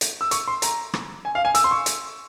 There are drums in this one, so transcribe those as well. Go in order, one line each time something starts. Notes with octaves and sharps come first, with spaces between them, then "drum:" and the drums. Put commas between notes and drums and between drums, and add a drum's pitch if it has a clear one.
drum: hi-hat
E6
C#6, drum: hi-hat
C6
A#5, drum: hi-hat
drum: rim click
G#5
F5
G#5
E6, drum: hi-hat
C6
C#6
drum: hi-hat